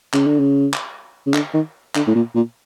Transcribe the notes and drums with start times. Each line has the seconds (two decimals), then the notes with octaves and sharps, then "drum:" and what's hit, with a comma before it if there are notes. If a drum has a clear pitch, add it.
0.14 C#3, drum: clap
0.27 D3
0.39 C#3
0.74 drum: clap
1.26 C#3
1.34 D3, drum: clap
1.54 D#3
1.95 D3, drum: clap
2.07 A2
2.15 A#2
2.35 A#2